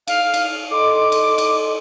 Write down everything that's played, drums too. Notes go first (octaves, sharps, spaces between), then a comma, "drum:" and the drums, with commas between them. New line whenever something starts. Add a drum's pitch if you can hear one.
F5, drum: cymbal
drum: cymbal
A4 D#5 C6 D6
drum: cymbal
drum: cymbal